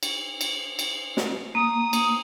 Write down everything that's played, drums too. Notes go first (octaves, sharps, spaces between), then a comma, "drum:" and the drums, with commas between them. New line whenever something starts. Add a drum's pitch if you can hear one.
drum: cymbal
drum: cymbal
drum: cymbal
drum: snare
A#3 D#6
drum: cymbal